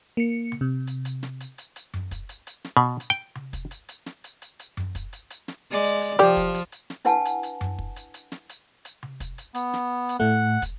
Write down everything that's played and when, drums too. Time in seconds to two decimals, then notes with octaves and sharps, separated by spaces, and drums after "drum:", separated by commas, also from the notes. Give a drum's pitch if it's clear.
0.17 A#3 C#7
0.52 drum: tom C3
0.61 C3
0.87 drum: hi-hat
1.05 drum: hi-hat
1.23 drum: snare
1.40 drum: hi-hat
1.58 drum: hi-hat
1.76 drum: hi-hat
1.94 drum: tom F#2
2.11 drum: kick, hi-hat
2.29 drum: hi-hat
2.47 drum: hi-hat
2.64 drum: snare
2.77 B2
3.00 drum: hi-hat
3.10 G5
3.35 drum: tom C3
3.53 drum: kick, hi-hat
3.71 drum: hi-hat
3.89 drum: hi-hat
4.06 drum: snare
4.24 drum: hi-hat
4.42 drum: hi-hat
4.59 drum: hi-hat
4.77 drum: tom F#2
4.95 drum: kick, hi-hat
5.13 drum: hi-hat
5.30 drum: hi-hat
5.48 drum: snare
5.71 G#3 D5
5.84 drum: hi-hat
6.01 drum: hi-hat
6.19 F3 G4 D5, drum: tom C3
6.37 drum: kick, hi-hat
6.54 drum: hi-hat
6.72 drum: hi-hat
6.90 drum: snare
7.05 D4 E4 B4 F#5 G#5 A5, drum: hi-hat
7.25 drum: hi-hat
7.43 drum: hi-hat
7.61 drum: tom F#2
7.79 drum: kick
7.96 drum: hi-hat
8.14 drum: hi-hat
8.32 drum: snare
8.49 drum: hi-hat
8.85 drum: hi-hat
9.03 drum: tom C3
9.20 drum: kick, hi-hat
9.38 drum: hi-hat
9.54 B3, drum: hi-hat
9.74 drum: snare
10.09 drum: hi-hat
10.20 A2 A3 F#5
10.62 drum: kick, hi-hat